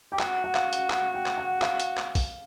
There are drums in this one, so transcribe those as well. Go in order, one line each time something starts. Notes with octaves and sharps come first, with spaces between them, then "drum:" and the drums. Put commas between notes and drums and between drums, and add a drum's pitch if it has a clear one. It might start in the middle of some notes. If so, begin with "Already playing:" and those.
G4 G5
F#4 F#5, drum: clap
F#5
F5, drum: clap
drum: hi-hat
F#5, drum: clap
G5
drum: clap
F#5
F5, drum: clap
drum: hi-hat
drum: clap
drum: kick, open hi-hat